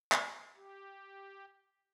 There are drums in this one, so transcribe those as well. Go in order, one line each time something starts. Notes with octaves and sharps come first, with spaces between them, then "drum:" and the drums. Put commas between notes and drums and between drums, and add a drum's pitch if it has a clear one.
drum: clap
G4